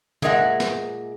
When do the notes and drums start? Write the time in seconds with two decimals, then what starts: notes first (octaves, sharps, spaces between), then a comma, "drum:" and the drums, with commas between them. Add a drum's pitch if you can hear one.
0.22 A#2 G#3 G#4 A#4 E5 F#5, drum: tom
0.60 drum: snare